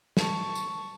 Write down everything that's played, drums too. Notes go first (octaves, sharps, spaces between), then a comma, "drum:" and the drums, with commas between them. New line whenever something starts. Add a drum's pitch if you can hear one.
A5 C#6, drum: snare
drum: tambourine